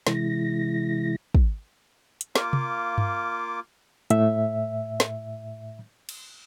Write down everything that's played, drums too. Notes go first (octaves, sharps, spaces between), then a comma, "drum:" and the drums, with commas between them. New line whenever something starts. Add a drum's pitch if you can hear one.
C3 E3 G#3 E4 A#6, drum: snare
drum: kick
drum: hi-hat
A#3 F4 D6, drum: snare
drum: tom C3
drum: tom G2
A2 E5, drum: hi-hat
drum: snare
drum: cymbal